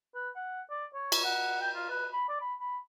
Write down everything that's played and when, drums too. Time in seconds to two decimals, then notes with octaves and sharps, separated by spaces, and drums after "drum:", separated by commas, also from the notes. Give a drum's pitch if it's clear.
0.15 B4
0.36 F#5
0.70 D5
0.94 C#5
1.12 drum: cymbal
1.24 F#5
1.61 G5
1.75 F4
1.90 B4
2.13 B5
2.29 D5
2.41 B5
2.60 B5